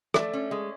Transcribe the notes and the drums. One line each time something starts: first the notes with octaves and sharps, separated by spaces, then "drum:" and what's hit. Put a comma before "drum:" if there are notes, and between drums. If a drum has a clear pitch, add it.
A3 D5 E5, drum: rim click
C#4
G#3